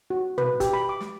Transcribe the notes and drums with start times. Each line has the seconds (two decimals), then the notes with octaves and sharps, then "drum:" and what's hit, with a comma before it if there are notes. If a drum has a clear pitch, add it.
0.10 F#4
0.38 B4, drum: tom
0.60 G4, drum: kick, hi-hat
0.73 B5
0.89 D6
1.00 drum: snare